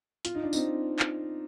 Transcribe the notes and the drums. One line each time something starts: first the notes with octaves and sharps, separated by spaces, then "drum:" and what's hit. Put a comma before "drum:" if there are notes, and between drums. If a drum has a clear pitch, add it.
F4, drum: hi-hat
D#4
D4
C4 D#4, drum: tambourine
drum: clap